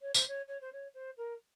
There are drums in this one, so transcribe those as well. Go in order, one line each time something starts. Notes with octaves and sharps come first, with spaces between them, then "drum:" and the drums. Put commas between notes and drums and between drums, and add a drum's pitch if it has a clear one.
C#5
C5, drum: tambourine
C#5
C#5
C5
C#5
C5
A#4